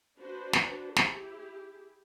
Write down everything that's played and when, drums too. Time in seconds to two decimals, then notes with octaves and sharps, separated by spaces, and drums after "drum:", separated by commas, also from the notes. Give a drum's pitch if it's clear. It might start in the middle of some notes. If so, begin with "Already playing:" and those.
0.17 D4 F#4 B4 C5
0.53 drum: snare
0.96 E4 G4 G#4, drum: snare